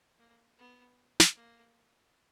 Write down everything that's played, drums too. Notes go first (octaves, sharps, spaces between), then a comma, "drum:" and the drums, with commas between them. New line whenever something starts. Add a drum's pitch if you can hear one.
A#3
B3
drum: snare
A#3